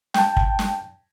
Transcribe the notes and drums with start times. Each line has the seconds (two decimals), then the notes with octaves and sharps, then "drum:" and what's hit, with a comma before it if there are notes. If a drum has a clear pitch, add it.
0.14 G5 A5, drum: snare
0.37 drum: kick
0.59 drum: snare